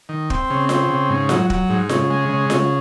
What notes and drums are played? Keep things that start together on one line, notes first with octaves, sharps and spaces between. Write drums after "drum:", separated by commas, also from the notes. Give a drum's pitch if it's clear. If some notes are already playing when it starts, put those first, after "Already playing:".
D#3
C4, drum: kick
C#3
C4, drum: snare F4
C#3
G#2
F#3, drum: snare F4
F#3, drum: kick
G#2
C#3, drum: snare F4
G#3
C#3
C#3, drum: snare F4